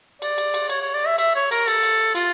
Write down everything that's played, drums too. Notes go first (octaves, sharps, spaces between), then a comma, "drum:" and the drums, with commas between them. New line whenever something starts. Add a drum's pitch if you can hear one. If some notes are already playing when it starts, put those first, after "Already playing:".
D5, drum: cymbal
drum: cymbal
drum: cymbal
C#5, drum: cymbal
C#5
D5
E5
E5, drum: cymbal
C#5
A#4, drum: cymbal
A4, drum: cymbal
drum: cymbal
F4, drum: cymbal